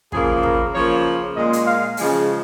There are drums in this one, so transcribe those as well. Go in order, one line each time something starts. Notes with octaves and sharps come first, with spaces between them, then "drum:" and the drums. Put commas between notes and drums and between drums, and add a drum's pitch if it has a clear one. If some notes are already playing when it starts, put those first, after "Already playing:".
C#3 F3 A#3 G#4, drum: kick
A#4, drum: kick
C#3 F3 A#3 C#5
A#2 G#3 D#5
drum: hi-hat
F5
C#3 F3 G#3 G#5, drum: open hi-hat